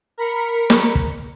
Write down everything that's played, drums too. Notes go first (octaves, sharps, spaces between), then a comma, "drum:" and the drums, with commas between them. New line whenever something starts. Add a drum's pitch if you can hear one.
A#4 B5 C#7
drum: snare
drum: kick